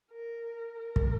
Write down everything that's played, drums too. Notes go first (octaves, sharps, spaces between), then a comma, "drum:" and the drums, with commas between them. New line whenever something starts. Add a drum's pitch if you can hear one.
A#4
A#4
drum: kick